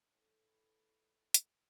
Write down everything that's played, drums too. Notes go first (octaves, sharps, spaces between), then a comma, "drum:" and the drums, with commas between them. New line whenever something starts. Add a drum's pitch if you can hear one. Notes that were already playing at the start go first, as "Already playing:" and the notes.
Already playing: D4
A2 E3 A3 E4
A2 A3 E4 F#5
drum: hi-hat